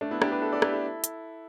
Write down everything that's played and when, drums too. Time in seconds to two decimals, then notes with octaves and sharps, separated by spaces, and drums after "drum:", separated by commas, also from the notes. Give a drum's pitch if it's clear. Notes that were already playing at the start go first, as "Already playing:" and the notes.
0.01 A3 D4
0.11 B3 E4
0.22 D4 G4, drum: rim click
0.32 G4 B4
0.42 E4 A4
0.52 A4 D5
0.62 G4 B4, drum: rim click
0.72 E4 A4
1.04 drum: hi-hat